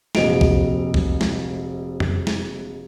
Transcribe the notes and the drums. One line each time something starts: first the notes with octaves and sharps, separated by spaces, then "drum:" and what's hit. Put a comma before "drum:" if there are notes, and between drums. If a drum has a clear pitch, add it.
F1 A#1 F#4 D#5 D7 F7, drum: snare
drum: kick B1
drum: kick B1
drum: snare
drum: tom F2
drum: snare